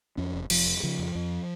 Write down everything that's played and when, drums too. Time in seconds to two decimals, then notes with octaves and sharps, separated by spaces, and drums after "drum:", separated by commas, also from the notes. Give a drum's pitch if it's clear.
0.17 F2 C#4
0.34 F1
0.50 F1 F3, drum: cymbal
0.66 F2
0.83 C#3 F3
0.99 F2
1.15 F2